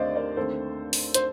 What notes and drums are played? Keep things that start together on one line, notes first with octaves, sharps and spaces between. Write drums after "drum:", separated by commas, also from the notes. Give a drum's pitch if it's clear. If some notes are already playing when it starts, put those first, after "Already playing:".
Already playing: D#2 D3 A3 C4 C5 D5 D#5 F5
A#4 D5
D#2 D3 A3 C4 A4 C5
drum: open hi-hat
C5, drum: hi-hat